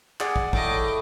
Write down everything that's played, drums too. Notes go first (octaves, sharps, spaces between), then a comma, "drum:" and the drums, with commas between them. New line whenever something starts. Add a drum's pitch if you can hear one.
G#4 D5 F#5, drum: clap
drum: kick
A1 A2 D#5 D6, drum: kick